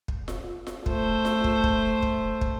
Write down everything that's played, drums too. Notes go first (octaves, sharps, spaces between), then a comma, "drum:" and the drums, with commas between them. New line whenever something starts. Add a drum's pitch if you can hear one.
drum: kick
drum: snare F4
drum: snare F4
A3 C5, drum: kick
drum: snare F4
drum: kick
drum: kick
drum: kick
drum: kick